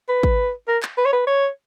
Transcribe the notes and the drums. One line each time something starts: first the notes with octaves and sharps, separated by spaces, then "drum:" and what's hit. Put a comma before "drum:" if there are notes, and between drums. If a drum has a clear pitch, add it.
B4
drum: kick
A#4
drum: clap
B4
C#5
B4
C#5